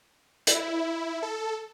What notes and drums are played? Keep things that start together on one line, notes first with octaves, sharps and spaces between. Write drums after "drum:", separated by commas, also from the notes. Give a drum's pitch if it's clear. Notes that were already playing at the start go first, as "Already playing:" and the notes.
E4, drum: hi-hat
A4